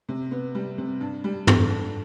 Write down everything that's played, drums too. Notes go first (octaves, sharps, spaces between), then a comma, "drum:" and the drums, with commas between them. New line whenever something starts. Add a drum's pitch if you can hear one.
C3
B3
G3
C3
G2
G3
D3, drum: tom
D4